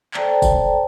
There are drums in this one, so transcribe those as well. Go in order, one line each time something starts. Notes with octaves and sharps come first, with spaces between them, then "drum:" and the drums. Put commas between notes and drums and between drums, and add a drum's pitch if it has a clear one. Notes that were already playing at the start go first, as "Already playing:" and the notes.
A4 C5 D5 G5 A5 A#5, drum: clap
drum: kick, tambourine